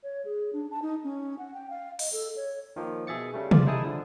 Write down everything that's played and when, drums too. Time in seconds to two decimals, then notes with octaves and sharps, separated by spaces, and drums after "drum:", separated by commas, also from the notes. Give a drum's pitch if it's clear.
0.03 C#5
0.25 G#4
0.53 D4
0.71 A5
0.82 D#4
1.04 C#4
1.38 F#5
1.54 G5
1.70 F5
1.99 D#5, drum: open hi-hat
2.12 A4
2.36 C#5
2.76 D#3 F3 A#3
3.07 B2 G#4 E5 A6 C#7
3.34 C#3 G3 A3
3.51 F4 D5, drum: tom C3
3.67 D#4 E4 G#4 A5 D#6
3.84 D3 F3